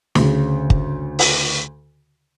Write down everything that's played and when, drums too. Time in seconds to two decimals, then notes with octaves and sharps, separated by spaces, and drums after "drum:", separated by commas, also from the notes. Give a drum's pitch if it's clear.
0.15 D2 C#3, drum: snare
0.70 drum: kick
1.19 drum: open hi-hat